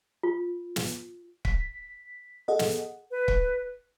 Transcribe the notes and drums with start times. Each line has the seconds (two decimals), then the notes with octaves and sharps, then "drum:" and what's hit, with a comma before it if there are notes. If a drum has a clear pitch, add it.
0.23 F4
0.76 drum: snare
1.45 B6, drum: kick
2.48 G#4 A4 D#5 F#5
2.59 drum: snare
3.11 B4
3.28 drum: kick